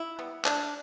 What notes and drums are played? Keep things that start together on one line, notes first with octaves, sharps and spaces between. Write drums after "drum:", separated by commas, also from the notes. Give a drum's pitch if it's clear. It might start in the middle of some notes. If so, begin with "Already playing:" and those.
Already playing: E4
G3 B3
C3 D4, drum: clap